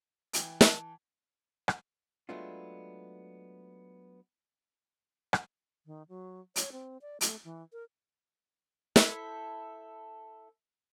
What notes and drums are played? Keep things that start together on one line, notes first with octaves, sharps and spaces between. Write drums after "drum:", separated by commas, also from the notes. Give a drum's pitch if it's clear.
E3 G5, drum: hi-hat
A5, drum: snare
drum: rim click
F#3 G#3 A3 B3 D4 F4
drum: rim click
D#3
F#3
C#5, drum: hi-hat
C4
D5
A3, drum: hi-hat
E3
A#4
E4 A4 C5 E5, drum: snare